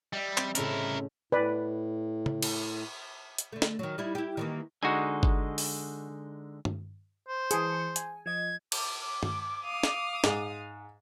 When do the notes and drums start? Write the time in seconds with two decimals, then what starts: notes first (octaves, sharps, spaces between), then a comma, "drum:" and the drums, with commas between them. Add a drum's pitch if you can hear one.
0.13 G3 D#5 E5
0.37 C4, drum: clap
0.55 A2 C#3 C#4 E4 A#4, drum: hi-hat
1.32 A2 B4 D5
2.26 drum: tom C#3
2.43 drum: cymbal
3.38 drum: hi-hat
3.53 D3 A3
3.62 drum: snare
3.79 D#3 F#3
3.98 G3 D#4 E4
4.15 E4 G4
4.37 D#3 E3 A#3
4.83 D3 G#3 D#4 F#4 G#5
5.23 drum: kick G1
5.58 drum: open hi-hat
6.65 drum: tom G2
7.28 C5
7.51 E3 G#4 A5 C#7, drum: hi-hat
7.96 G#5, drum: hi-hat
8.26 F3 D#5 G#6
8.72 D6, drum: cymbal
9.23 drum: tom G2
9.65 F5 D#6
9.83 drum: snare
10.24 G#2, drum: snare